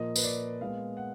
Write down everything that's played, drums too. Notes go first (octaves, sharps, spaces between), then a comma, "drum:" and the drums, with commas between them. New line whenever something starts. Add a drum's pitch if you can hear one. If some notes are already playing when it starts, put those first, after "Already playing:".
Already playing: A#2 F3 A#3 D#5
B4, drum: tambourine
D5
A#2 G#3 B3 F5
F#5